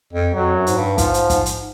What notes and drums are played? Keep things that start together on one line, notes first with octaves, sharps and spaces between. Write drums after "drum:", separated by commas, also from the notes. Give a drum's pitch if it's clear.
F2
F2 F#3
F#2
G#2, drum: hi-hat
G2
G#2 F3, drum: kick, hi-hat
drum: hi-hat
G#2, drum: kick, hi-hat
drum: hi-hat